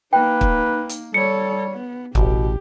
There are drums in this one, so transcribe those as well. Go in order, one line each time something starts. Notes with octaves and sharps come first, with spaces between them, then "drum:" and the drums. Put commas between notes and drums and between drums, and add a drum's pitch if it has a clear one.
A#3 D#4 B4 G5
drum: kick
drum: hi-hat
G3 A4 C#5 C#7
B3
A1 B2 G4, drum: kick